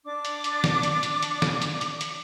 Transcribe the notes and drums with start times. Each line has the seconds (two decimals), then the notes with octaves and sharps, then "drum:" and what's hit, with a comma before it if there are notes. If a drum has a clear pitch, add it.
0.05 D4 D6
0.25 drum: hi-hat
0.44 drum: hi-hat
0.64 drum: snare
0.83 drum: hi-hat
1.03 drum: hi-hat
1.22 drum: hi-hat
1.42 drum: snare
1.62 drum: hi-hat
1.81 drum: hi-hat
2.01 drum: hi-hat